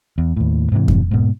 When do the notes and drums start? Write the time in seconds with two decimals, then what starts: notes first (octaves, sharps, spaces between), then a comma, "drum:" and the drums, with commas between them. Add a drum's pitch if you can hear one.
0.18 E2
0.37 D#2 A2
0.72 G#2 C3 E3
0.88 drum: kick F2
1.11 G#2 B2